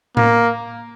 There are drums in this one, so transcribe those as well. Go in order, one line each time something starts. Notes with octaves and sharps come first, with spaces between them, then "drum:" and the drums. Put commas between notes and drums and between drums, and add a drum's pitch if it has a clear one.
A#3, drum: tom A2